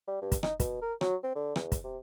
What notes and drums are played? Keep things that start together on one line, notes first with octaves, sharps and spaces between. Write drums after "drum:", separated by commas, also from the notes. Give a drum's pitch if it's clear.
G3
G2
drum: kick, hi-hat
D#4, drum: rim click
B2, drum: kick, hi-hat
A#4
F#3, drum: rim click
C4
D3
E2, drum: rim click
drum: kick, hi-hat
C3